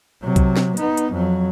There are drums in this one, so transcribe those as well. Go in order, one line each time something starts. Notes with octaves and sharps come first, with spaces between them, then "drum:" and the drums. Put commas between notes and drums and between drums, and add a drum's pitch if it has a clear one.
C3 F#3
drum: kick, hi-hat
drum: snare
B3 D#4, drum: hi-hat
drum: hi-hat
F2 F#3